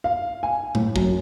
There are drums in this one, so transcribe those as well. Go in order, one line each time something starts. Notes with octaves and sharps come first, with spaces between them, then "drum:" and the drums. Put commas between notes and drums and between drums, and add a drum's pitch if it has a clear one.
F5
G#5
A2, drum: tom A2
F#2, drum: kick